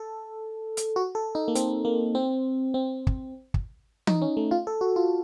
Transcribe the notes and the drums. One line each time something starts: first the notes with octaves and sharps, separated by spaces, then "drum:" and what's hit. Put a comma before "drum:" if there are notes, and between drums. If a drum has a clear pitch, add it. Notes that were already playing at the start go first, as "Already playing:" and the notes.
Already playing: A4
drum: hi-hat
F#4
A4
D#4
A#3
C4, drum: hi-hat
A#3
C4
C4
drum: kick
drum: kick
D#4, drum: tom E3
C#4
A3
F4
A4
F#4
F4